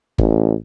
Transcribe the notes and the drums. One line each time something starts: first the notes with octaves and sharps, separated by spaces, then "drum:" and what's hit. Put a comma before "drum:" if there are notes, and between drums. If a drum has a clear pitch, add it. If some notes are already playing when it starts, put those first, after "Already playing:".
A1, drum: kick G1